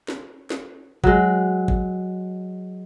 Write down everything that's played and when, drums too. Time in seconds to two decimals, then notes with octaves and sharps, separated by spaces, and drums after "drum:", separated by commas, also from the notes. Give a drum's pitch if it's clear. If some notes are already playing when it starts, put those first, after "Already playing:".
0.08 drum: snare
0.50 drum: snare
1.04 F#3 G#3, drum: kick
1.68 drum: kick